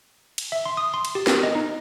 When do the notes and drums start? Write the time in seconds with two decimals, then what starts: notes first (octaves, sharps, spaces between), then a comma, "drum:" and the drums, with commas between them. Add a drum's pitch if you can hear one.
0.38 drum: cymbal
0.52 E5
0.66 C6
0.77 D#6
0.94 C6
1.05 drum: cymbal
1.15 G4
1.27 A#4, drum: snare
1.43 D#5
1.55 D#4